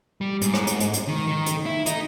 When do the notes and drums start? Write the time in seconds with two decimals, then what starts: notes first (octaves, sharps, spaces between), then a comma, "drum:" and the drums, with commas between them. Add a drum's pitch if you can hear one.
0.21 G3
0.42 G#2, drum: hi-hat
0.54 drum: rim click
0.67 drum: hi-hat
0.80 drum: hi-hat
0.93 drum: hi-hat
1.08 D#3
1.27 D#3
1.46 drum: hi-hat
1.66 E4
1.86 D#4, drum: hi-hat